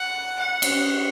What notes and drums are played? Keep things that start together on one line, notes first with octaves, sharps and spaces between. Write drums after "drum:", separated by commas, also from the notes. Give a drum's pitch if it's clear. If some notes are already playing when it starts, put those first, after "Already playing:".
Already playing: F#5
F#5
drum: cymbal